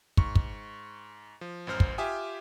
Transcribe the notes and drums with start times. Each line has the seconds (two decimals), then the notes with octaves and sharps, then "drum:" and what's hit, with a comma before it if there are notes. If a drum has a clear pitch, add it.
0.17 G#2 C#6, drum: kick
0.35 drum: kick
1.41 F3
1.67 A1 F#2 C5 F6
1.80 drum: kick
1.98 F4 G4 E5 G5 G#5 D#6